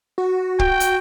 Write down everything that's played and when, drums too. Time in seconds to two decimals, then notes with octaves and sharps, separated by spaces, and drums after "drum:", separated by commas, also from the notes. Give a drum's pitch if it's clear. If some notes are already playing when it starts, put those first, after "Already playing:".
0.18 F#4
0.59 G5, drum: kick
0.80 drum: hi-hat